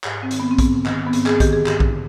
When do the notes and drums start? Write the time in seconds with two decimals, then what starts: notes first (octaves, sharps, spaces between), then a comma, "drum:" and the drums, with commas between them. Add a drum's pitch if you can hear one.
0.04 G#2 G4, drum: clap
0.23 C4
0.31 D#3, drum: hi-hat
0.40 B3
0.51 C4
0.59 G#2 B3, drum: kick A#1, hi-hat
0.86 D#3, drum: clap
1.06 B3
1.13 G#2 C4, drum: hi-hat
1.26 G#4, drum: clap
1.40 D#3 G4, drum: kick A#1, hi-hat
1.53 G#4
1.66 G#2 G4, drum: clap
1.80 drum: kick A#1